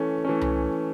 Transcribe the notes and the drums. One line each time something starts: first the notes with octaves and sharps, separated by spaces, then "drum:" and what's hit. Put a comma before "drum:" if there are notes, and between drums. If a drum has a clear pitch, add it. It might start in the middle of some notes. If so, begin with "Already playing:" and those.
Already playing: E3 A3 C#4
E3 A3 C#4
drum: tom C2